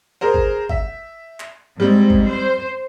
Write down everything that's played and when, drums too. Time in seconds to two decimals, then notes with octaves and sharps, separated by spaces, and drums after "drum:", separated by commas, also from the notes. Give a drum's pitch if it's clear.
0.21 G#4 A#4 C5
0.34 drum: kick
0.69 E5, drum: kick
1.40 drum: clap
1.80 G#2 G3 C4
2.10 drum: kick
2.29 C5